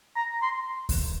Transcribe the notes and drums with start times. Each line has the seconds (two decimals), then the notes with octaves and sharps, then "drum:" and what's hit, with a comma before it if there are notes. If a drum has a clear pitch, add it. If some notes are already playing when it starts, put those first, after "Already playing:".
0.16 A#5
0.42 C6
0.89 drum: kick D2, open hi-hat